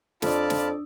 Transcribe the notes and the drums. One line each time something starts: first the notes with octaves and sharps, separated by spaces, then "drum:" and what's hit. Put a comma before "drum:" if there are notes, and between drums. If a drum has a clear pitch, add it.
F2 D4 F4 D5 A5 B5 D#6 E6, drum: snare
drum: snare